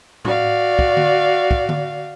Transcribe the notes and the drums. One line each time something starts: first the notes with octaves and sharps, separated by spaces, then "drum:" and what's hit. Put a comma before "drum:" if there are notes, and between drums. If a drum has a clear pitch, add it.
F#4 D5 F5, drum: tom
drum: kick
drum: tom D3
drum: kick
drum: tom D3